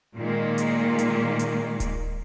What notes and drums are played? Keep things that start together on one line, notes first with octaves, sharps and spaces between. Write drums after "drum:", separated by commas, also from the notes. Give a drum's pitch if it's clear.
A#2 D#3 G#3 A#3
drum: hi-hat
drum: hi-hat
drum: hi-hat
drum: kick D1, hi-hat